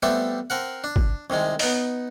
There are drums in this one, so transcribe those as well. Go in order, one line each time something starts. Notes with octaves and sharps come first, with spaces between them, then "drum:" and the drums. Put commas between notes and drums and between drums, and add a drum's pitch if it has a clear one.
G3 A3 B3 C4 G4 E5
C4 A#4 F#5
D4
drum: kick G#1
C2 C3 D#3 G#3
B3 D#4, drum: open hi-hat